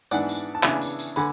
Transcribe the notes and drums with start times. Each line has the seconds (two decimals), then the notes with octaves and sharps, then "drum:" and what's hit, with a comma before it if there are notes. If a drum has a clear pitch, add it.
0.11 G#2 E3 B3 D4 D5 F#5, drum: tambourine
0.29 drum: tambourine
0.55 A5
0.63 C#3 E3 B3 D4 E5 G#5, drum: clap
0.81 drum: tambourine
0.99 drum: tambourine
1.16 D3 G#5 B5, drum: tambourine